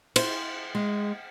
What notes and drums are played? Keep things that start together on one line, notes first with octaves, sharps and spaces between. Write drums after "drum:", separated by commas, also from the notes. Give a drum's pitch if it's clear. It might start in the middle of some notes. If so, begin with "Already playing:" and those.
C5, drum: cymbal
G#3